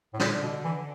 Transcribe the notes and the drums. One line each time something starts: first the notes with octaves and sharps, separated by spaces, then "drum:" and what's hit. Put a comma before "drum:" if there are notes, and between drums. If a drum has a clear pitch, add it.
A2
A#2 D3, drum: snare
B2
E3